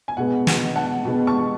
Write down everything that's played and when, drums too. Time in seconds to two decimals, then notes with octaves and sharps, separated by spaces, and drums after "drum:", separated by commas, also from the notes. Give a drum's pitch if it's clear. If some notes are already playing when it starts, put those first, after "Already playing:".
0.08 G#5
0.17 B2 G#3 B3 F#5
0.47 F#5, drum: snare
0.76 F#5 A5
1.05 B2 G#3 B3
1.27 A5 C#6